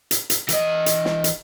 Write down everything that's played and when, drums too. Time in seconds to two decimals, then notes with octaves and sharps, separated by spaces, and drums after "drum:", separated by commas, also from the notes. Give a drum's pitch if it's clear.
0.11 drum: hi-hat
0.30 drum: hi-hat
0.49 E3 D#5, drum: hi-hat
0.86 drum: hi-hat
1.05 drum: snare
1.24 drum: hi-hat